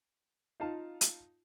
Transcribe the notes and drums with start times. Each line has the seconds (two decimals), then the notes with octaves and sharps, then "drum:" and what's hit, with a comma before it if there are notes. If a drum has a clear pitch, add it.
0.60 D#4 F4 F5 A5
1.01 drum: hi-hat